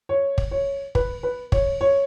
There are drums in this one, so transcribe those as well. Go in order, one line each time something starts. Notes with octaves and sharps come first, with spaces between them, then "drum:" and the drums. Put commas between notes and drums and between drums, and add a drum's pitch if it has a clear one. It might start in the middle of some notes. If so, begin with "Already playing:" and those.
C#5
drum: kick
C#5
B4, drum: kick
B4
C#5, drum: kick
C#5